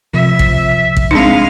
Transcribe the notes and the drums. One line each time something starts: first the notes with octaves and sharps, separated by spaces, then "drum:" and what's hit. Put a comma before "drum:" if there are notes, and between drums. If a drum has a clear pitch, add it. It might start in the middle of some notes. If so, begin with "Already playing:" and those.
C3 F3 E5
drum: kick A1
drum: kick A1
G#3 C4 D4 D#4 F5